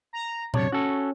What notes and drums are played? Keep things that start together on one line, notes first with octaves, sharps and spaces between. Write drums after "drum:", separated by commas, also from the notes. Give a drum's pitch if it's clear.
A#5
F#2 C3 D4 C#5, drum: tom A#2
C#4 F#4 A4